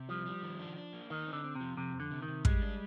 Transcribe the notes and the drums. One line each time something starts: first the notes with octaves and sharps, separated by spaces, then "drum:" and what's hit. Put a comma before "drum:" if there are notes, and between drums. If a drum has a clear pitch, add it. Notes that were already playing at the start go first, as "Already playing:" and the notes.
Already playing: C3
F3 G3
G3
D#3
D4
D4
A#3
D#3 D#4
C4
D3
C4
C3
F3
F2 C3
F2
D3
C3
D#3
C3
G3 G#3, drum: kick
D4